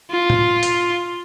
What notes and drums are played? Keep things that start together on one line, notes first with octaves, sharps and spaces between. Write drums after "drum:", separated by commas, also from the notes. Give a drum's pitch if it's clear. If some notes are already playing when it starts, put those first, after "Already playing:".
F4
drum: tom A2
drum: hi-hat